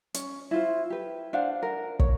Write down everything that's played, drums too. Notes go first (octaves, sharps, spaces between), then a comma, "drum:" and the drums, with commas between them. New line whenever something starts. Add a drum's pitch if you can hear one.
C#4, drum: hi-hat
E4 F4 C5
G4 B4
D4 C5 F5 F#5
A#4
C#5, drum: kick